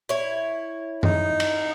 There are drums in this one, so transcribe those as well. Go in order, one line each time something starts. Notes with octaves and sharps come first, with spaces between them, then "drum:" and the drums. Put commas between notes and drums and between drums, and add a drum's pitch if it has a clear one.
E4 C#5
D#4, drum: tom F#2
drum: cymbal